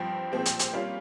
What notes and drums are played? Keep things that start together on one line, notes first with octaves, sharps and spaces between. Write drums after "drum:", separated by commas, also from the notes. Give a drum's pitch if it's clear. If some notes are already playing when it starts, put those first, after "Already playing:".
Already playing: G2 F3 C4 G5
A#2 F3 G#3 C4 G4
drum: hi-hat
drum: hi-hat
G3 A#3 C#4 F4